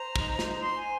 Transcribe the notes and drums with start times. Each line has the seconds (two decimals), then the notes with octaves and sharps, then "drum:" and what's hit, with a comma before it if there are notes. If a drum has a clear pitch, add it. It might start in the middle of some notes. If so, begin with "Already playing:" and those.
Already playing: C5 A#5
0.16 D#4, drum: kick
0.39 C5, drum: snare
0.61 C5 C6
0.77 G#5